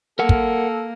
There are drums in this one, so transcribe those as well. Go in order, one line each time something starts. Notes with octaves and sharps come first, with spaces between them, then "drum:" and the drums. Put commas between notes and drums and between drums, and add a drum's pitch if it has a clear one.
A#3 A4 A#4 F#5
drum: kick